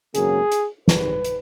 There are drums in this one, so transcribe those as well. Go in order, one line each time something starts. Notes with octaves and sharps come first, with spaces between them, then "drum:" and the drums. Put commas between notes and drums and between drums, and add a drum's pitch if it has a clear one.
G#1 F#2 C#3 F#3 A#3 G#4, drum: hi-hat
drum: hi-hat
G#1 G#2 D#3 G3 B4, drum: snare
drum: hi-hat